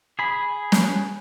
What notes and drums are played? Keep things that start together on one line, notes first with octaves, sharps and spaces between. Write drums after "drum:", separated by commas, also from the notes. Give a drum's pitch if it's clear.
G#4 B5
drum: snare